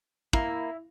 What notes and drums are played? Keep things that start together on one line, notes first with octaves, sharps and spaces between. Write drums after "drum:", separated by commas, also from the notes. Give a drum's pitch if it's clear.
A#3 E4, drum: kick